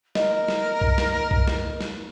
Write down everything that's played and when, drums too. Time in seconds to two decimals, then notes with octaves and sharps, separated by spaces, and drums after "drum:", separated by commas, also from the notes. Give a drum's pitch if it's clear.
0.15 A#4 D#5, drum: snare
0.48 drum: snare
0.81 drum: kick B1
0.98 drum: snare
1.31 drum: kick B1
1.48 drum: snare
1.81 drum: snare